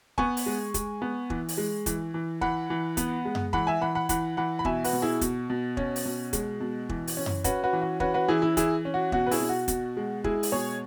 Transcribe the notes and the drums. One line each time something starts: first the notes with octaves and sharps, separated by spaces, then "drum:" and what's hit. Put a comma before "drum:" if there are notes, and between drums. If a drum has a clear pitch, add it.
B3 G#5 C#6, drum: kick
drum: open hi-hat
G#3
G#3, drum: kick, hi-hat
B3
E3, drum: kick
drum: open hi-hat
G#3
E3, drum: kick, hi-hat
E3
E3 F#5 B5, drum: kick
E3
B3, drum: kick, hi-hat
G#3
drum: tom F#2
E3 F#5 B5, drum: kick
E5 G#5
E3 F#5 B5
F#5 B5
E3 F#5 B5, drum: kick, hi-hat
E3 F#5 B5
B5
B2 E5 G#5, drum: kick
F#4 B4, drum: open hi-hat
B2
E4 G#4
B2, drum: kick, hi-hat
B2
C#4, drum: kick
drum: open hi-hat
B2
G#3, drum: kick, hi-hat
B2
E3, drum: kick
drum: open hi-hat
C#4
drum: tom F#2
C#4 F#4 B4, drum: kick, hi-hat
F#4 B4
E3
F#4
C#4 F#4 B4, drum: kick
F#4 B4
E3 E4 G#4
E4
E3 E4 G#4, drum: kick, hi-hat
C#4
F#4
B2 F#4, drum: kick
B4
E4 G#4, drum: open hi-hat
B2
F#4
B2, drum: kick, hi-hat
G#3
G#3 E4 G#4, drum: kick
drum: open hi-hat
B2 G#4 C#5